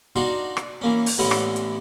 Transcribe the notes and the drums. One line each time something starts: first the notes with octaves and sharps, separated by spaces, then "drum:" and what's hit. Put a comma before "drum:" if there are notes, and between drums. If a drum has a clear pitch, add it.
D4 D#4 F#4 F5 C6 C#6
drum: rim click
E3 A#3 C#4
drum: open hi-hat
A1 D3 B3 C#4 E4 D#5
drum: rim click
drum: hi-hat